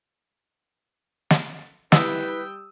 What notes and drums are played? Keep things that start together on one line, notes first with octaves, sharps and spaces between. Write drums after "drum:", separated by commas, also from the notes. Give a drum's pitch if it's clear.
drum: snare
G3 E4 B4 G5 D#6 E6, drum: snare